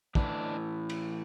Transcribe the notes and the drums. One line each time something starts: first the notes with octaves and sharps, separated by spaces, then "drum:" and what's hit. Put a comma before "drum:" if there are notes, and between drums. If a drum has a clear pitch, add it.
A2 E3 D4, drum: kick
drum: cymbal